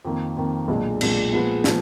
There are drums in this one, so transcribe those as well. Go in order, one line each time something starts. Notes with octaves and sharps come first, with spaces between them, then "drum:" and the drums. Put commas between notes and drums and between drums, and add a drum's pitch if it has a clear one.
F2 D#3 A#3
F2 D#3 A#3
B1 A#2 G#3 D4
B1 A#2 G#3 D4, drum: cymbal
A#2 F3 G#3 B3
A#2 F3 G#3, drum: snare